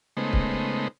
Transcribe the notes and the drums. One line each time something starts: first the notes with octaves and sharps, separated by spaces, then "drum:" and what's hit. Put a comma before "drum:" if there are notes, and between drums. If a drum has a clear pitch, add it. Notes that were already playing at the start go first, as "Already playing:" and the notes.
C#3 G#3 A3 B3 D#4 C5
drum: kick C#1